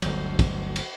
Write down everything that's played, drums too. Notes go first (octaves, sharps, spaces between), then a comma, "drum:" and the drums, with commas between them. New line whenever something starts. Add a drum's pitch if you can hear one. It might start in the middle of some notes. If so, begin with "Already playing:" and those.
G1 D2 F#3, drum: cymbal
drum: kick, cymbal
drum: cymbal